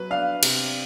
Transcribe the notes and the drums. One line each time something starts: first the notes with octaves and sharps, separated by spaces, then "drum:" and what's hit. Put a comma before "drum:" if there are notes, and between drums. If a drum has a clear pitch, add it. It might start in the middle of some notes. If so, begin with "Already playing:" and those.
Already playing: F#3 B4
D4 F5
C3, drum: cymbal